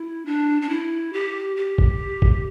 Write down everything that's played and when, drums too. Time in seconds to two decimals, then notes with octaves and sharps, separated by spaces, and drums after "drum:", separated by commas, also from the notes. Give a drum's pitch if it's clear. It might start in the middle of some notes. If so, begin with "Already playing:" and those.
Already playing: E4
0.26 D4
0.62 D4
0.69 E4
1.13 G4
1.57 G4
1.78 drum: kick F#1
2.22 drum: kick F#1